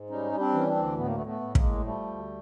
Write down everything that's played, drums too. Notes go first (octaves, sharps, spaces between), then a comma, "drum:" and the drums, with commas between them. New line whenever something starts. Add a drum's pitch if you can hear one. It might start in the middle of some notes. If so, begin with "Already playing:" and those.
Already playing: G#2
G3 C#4 D#4
G3
C4 D4
E3 C#4
C4 D4
D2
A2 B3
A#3
A3 B3
A2
A3 B3
A2
G#3 A#3, drum: kick
A2
F3 G3 A3
D2